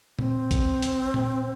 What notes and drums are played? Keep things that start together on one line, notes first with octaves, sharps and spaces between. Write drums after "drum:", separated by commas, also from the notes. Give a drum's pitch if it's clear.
C4, drum: tom A#2
drum: kick A#1, hi-hat
drum: hi-hat
drum: tom A#2